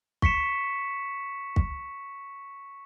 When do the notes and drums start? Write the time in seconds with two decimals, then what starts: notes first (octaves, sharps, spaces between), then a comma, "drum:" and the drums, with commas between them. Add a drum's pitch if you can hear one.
0.22 C#6 B6 C#7 E7, drum: kick
1.56 drum: kick